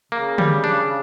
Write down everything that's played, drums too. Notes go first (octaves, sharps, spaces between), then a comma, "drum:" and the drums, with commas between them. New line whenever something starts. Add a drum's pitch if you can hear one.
C#3 A#3
G3, drum: tom D3
D4